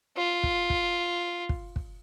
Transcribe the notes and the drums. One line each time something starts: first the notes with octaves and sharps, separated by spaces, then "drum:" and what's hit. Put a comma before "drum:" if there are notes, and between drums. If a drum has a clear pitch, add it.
F4
drum: kick
drum: kick
drum: kick
drum: kick